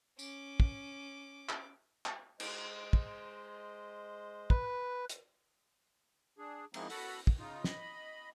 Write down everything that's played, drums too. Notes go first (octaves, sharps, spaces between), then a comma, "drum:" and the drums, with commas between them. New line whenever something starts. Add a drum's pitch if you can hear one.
C#4 D6, drum: tambourine
drum: kick
drum: clap
drum: clap
G#3 C5 D#5, drum: cymbal
drum: kick
B4, drum: kick
drum: hi-hat
D4 G#4
F3 G#3 A#3 C4 D#4 E4, drum: cymbal
F#4 A4 F#5 B5, drum: open hi-hat
drum: kick
C#3 D#4 F4
D#5 B5, drum: snare